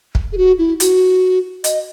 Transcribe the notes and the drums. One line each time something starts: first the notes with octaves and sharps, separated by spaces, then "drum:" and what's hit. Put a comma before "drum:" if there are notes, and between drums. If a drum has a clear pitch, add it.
drum: kick
G#4
F#4
E4
F#4, drum: hi-hat
D#5, drum: hi-hat